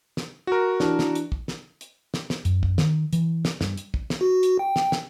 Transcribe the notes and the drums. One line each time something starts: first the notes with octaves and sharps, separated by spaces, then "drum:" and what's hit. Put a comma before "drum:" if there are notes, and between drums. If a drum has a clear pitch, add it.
drum: snare
F#4 A#4
E3 D4, drum: snare
drum: snare
drum: hi-hat
drum: kick
drum: snare
drum: hi-hat
drum: snare
drum: snare
F#2, drum: hi-hat
drum: kick
D#3, drum: snare
E3, drum: hi-hat
drum: snare
G2, drum: snare
drum: hi-hat
drum: kick
drum: snare
F#4
drum: hi-hat
G5
drum: snare
drum: snare